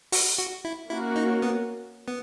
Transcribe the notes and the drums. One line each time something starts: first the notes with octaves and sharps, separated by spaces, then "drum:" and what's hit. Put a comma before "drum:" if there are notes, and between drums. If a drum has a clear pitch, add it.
F#4, drum: open hi-hat
F#4
E4
A#3 C#4 E4 F#4 A#4
D#4
B3
B3